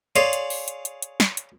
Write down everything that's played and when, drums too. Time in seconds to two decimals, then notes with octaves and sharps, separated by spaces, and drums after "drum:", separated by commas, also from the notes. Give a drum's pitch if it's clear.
0.16 G#4 C#5 D5 F5 C6, drum: hi-hat
0.33 drum: hi-hat
0.50 drum: open hi-hat
0.68 drum: hi-hat
0.85 drum: hi-hat
1.02 drum: hi-hat
1.20 drum: snare
1.37 drum: hi-hat